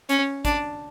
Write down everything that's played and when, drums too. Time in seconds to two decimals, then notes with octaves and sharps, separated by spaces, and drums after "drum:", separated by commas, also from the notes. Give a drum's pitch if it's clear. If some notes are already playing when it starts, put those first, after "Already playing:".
0.09 C#4, drum: hi-hat
0.45 D4, drum: kick, hi-hat